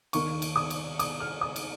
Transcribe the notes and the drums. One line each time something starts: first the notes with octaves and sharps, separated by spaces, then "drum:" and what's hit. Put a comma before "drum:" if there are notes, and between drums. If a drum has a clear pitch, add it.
D#2 D#3 A#3 C#6, drum: cymbal
drum: cymbal
D#6
drum: cymbal
D#6, drum: cymbal
F6
D#6
drum: cymbal